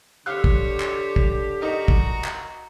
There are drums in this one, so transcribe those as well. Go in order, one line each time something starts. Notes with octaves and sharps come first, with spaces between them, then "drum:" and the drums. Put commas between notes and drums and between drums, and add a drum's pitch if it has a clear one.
D3 G4 C5 C#5 F5 E6 F#6
drum: kick
drum: clap
drum: kick
D#4 F#4 A#4 A#5
drum: kick
drum: clap